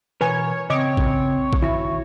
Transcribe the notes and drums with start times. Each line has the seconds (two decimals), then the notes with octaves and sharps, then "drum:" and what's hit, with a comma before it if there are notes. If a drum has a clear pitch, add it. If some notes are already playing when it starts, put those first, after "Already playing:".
0.21 B2 E3 A#4 B4 C#5 G#5
0.70 C#3 C4 C#5 D#5 D6
0.97 drum: kick A1
1.53 drum: kick A1
1.62 D#3 E4 F#4